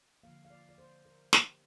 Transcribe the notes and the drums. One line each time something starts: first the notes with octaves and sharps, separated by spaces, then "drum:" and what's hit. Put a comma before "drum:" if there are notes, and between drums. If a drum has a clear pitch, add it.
D3 F3 A#3 F5
F5
D5
D5
C5
A#4
G4, drum: snare